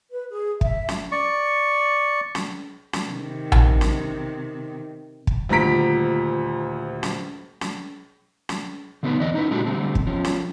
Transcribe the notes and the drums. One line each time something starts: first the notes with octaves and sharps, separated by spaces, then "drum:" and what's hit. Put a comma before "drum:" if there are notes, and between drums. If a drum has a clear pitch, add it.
B4
G#4
E5, drum: kick
drum: snare
D5 C#6
drum: snare
drum: snare
C3 D#3
drum: tom A#1
drum: snare
drum: kick
D#1 D2 F3 A#5 B6 D7
drum: snare
drum: snare
drum: snare
D3 A3 B3 D#4 B4
E2 C4 D5 D#5
C#4 D#4 E4 B4
A#2 G#3 D4 F#4 G4 A4
D3 G3 A3 C4
drum: kick
F3 C#4
drum: snare